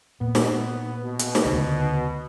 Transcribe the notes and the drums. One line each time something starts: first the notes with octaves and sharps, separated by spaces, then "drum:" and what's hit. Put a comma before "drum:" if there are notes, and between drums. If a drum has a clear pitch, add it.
A#2 B3
drum: snare
B2
drum: hi-hat
drum: snare
D2 C#3